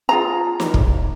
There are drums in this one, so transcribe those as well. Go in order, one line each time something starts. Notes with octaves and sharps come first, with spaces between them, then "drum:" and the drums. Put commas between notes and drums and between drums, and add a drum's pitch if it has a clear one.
F4 G#4 A#5
drum: snare
drum: kick